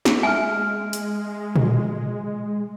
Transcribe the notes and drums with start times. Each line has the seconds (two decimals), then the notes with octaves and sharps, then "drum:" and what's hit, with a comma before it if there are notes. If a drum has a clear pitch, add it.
0.05 drum: snare
0.23 G#3 E5 G#5 F6
0.93 drum: hi-hat
1.56 drum: tom A#2